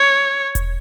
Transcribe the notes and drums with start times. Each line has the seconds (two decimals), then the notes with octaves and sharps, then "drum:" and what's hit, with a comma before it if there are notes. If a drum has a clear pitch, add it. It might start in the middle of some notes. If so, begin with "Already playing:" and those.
Already playing: C#5
0.55 drum: kick E1, hi-hat